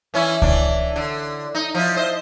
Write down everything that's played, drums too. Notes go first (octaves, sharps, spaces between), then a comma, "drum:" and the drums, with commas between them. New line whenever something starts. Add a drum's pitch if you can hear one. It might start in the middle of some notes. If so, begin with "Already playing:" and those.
E3 C#4 E4
E3 D4, drum: kick C#2
D3
D#4
F3 E4
C5 D#5